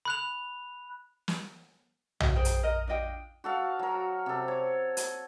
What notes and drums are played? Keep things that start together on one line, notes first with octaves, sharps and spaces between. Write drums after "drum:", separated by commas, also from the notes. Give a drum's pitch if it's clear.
B5 F#6 F7
drum: snare
F#4, drum: tom
G#4 C5 G5
drum: hi-hat
A#4 D#5
D4 F4 D#5 G5
F#4 A4 F5
F#3 A#4
C3 A4
C#5
drum: hi-hat